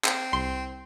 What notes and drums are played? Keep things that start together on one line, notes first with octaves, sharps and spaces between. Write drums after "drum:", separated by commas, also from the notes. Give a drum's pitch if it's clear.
C4, drum: clap
C2 C6